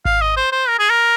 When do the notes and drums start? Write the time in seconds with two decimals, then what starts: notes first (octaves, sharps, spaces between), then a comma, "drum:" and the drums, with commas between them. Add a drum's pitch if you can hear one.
0.05 F5, drum: kick G#1
0.21 D#5
0.37 C5
0.52 C5
0.68 A#4
0.79 G#4
0.90 A#4